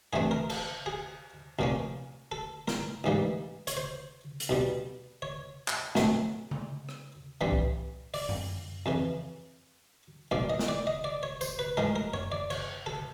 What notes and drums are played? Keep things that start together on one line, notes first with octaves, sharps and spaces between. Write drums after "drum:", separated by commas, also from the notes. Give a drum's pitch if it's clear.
G2 E3 A3 C4 G#4
A#4
A4, drum: cymbal
G#4
C2 A#2 F3 A#3 C#4
A4
A#4, drum: snare
A1 G#2 E3 G3 A#3
C#5, drum: hi-hat
C5
drum: hi-hat
B1 B2 G3
C#5
drum: clap
A#1 A2 F#3 A3 C4, drum: snare
drum: tom C#3
drum: rim click
G2 E3 G3 C4
drum: kick C2
D5, drum: open hi-hat
drum: tom F#2
F2 C#3 E3
B1 A#2 F3 D5
D#5
drum: snare
D5
D#5
D5
C#5
C5, drum: tambourine
B4
A2 F3 G#3 A#4
A#4
C#5, drum: tom F#2
D5
C#5, drum: cymbal
A4